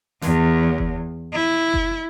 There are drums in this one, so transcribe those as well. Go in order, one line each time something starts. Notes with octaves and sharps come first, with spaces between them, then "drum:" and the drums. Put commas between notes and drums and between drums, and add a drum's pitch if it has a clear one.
E2, drum: snare
drum: kick F#1
E4
drum: kick F#1